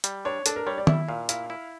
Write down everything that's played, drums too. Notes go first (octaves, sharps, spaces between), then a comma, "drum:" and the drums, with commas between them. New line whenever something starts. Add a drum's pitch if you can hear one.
G3, drum: hi-hat
D4 C#5
D4 A4, drum: hi-hat
A#4
G3 C#5
D5
E4 E5, drum: tom D#3
A#2 F5
E4 F5, drum: hi-hat
E4